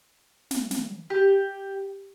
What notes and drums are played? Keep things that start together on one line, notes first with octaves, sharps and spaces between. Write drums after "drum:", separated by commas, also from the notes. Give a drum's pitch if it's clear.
drum: snare
drum: snare
G4